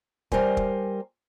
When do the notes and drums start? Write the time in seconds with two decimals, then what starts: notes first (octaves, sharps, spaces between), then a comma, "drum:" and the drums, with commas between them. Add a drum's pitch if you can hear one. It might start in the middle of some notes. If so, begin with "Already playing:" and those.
0.32 G3 A#4 C5 G#5, drum: kick
0.57 drum: kick